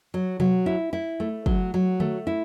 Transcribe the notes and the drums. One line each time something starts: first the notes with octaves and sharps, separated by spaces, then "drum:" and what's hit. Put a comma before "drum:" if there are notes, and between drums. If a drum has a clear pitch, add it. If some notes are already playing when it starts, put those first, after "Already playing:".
F#3
F#3, drum: tom B2
E4
E4
A3
F#3, drum: kick
F#3
A3, drum: tom D3
E4